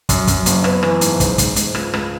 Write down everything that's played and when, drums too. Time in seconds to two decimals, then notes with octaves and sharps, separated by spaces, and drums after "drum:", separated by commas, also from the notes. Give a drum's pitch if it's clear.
0.09 F#2, drum: kick, hi-hat
0.27 F#2, drum: kick, hi-hat
0.46 F#1, drum: hi-hat
0.64 B3, drum: rim click
0.83 E3, drum: rim click
1.01 G#2, drum: hi-hat
1.20 G#2, drum: kick, hi-hat
1.38 G#2, drum: kick, hi-hat
1.56 G#2, drum: hi-hat
1.75 C#2, drum: rim click
1.94 C#2, drum: rim click